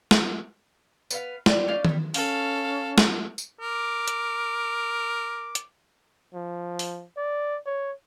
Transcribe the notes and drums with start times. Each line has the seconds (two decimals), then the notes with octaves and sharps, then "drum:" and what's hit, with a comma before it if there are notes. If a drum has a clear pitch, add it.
0.11 drum: snare
1.11 B3 B4 F5, drum: tambourine
1.46 G4 D5, drum: snare
1.68 C#4 D#4 D5 F5
1.85 F#3 G3, drum: tom D#3
2.14 C#4 A4 F5, drum: open hi-hat
2.98 drum: snare
3.38 drum: tambourine
3.61 A#4 D6
4.08 drum: hi-hat
5.55 drum: hi-hat
6.34 F3
6.79 drum: open hi-hat
7.17 D5
7.66 C#5